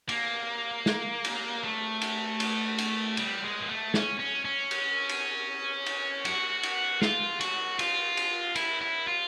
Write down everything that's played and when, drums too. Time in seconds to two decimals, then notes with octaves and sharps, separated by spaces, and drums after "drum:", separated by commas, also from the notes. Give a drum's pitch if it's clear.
0.09 A#3, drum: cymbal
0.86 drum: snare
1.25 drum: cymbal
1.63 A3
2.01 drum: cymbal
2.40 drum: cymbal
2.78 drum: cymbal
3.17 G3, drum: cymbal
3.43 G#3
3.61 A#3
3.69 A3
3.94 C#4, drum: snare
4.20 C#4
4.45 C#4
4.71 drum: cymbal
5.09 drum: cymbal
5.86 drum: cymbal
6.25 F#4, drum: cymbal
6.63 drum: cymbal
7.02 F4, drum: snare
7.41 F#4, drum: cymbal
7.79 F4, drum: cymbal
8.17 drum: cymbal
8.56 E4, drum: cymbal
8.81 E4
9.07 F4